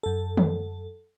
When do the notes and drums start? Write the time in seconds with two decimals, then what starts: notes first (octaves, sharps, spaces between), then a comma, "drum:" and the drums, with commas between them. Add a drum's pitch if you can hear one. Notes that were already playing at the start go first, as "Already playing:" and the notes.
0.03 F#2 A4
0.37 drum: tom